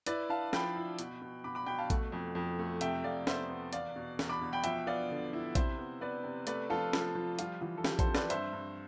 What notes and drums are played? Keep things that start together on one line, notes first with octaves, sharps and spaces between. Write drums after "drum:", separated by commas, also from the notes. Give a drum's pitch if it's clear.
E4 B4 D5, drum: hi-hat
E4 F5 A5
F3 G5 B5, drum: snare
E4
B2, drum: hi-hat
B2
B2 B5 D6
B5 D6
B2 G5 B5
F5 A5
A3, drum: kick A#1, hi-hat
F2
F2
A3
C3 E5 G5, drum: hi-hat
F2 D5 F5
B3 C5 E5, drum: snare
B3
E2 D5 F5, drum: hi-hat
B2
E2, drum: snare
B5 D6
B2
G5 B5
F3 E5 G5, drum: hi-hat
B3 D5 F5
D3
E4
C3 C5 E5, drum: kick A#1, hi-hat
B3
B3 B4 D5
C3
A3 B4 D5, drum: hi-hat
F3 F4 A4
F3, drum: snare
F3
G3 F4, drum: hi-hat
E3 F4
A4
E3 G4, drum: snare
A4 C5, drum: kick A#1, hi-hat
C4
B4 D5, drum: snare
G2 C5 E5, drum: hi-hat
G2